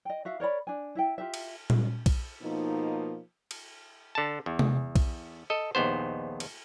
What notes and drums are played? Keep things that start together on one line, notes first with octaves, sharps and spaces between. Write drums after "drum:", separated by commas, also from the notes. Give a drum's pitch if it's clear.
D#5 G5
F#4 E5 F5
A#4 C#5 D5 B5
D4 G#5
E4 E5 G5
F4 G4 E5
drum: cymbal
drum: tom A#2
drum: kick B1, cymbal
B2 F3 A#3 D#4
drum: cymbal
D3 A5
E2
drum: tom C3
drum: kick B1, cymbal
A4 D#5
A#1 D#2 B3 C5
drum: cymbal